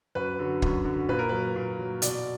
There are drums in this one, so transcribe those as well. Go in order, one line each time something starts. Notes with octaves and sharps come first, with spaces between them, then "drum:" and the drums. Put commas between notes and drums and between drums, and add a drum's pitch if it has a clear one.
F#2 B4
D3 F#3
F#2, drum: kick
D3 F#3
A#2 B4
A#4
F#3 B4
A#2
F#3
B2 D5, drum: hi-hat